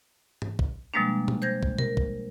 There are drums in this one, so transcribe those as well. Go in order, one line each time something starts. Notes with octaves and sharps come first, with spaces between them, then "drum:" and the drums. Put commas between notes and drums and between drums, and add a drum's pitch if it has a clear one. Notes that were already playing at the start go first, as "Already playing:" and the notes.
drum: tom G#2
drum: kick
B2 F3 G3 G#3 A#3 D4
drum: tom A#2
C5 G6 G#6 A#6
drum: kick
A#4, drum: tom B2
drum: kick